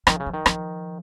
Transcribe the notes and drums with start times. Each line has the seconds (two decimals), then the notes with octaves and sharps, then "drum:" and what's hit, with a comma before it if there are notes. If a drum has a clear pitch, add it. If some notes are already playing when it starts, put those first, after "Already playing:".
0.07 D#3 F3, drum: rim click
0.20 C#3
0.26 F3
0.34 D#3
0.46 F3, drum: rim click